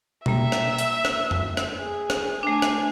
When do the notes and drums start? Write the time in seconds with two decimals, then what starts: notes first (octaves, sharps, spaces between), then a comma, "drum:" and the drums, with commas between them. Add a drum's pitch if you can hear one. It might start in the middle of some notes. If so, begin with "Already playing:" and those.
0.26 G3 A#3 E5, drum: tom B2
0.52 drum: rim click
0.78 drum: hi-hat
1.05 drum: rim click
1.31 drum: tom F2
1.57 drum: rim click
1.78 G#4
2.10 drum: rim click
2.43 A3 D4 G#5
2.62 drum: rim click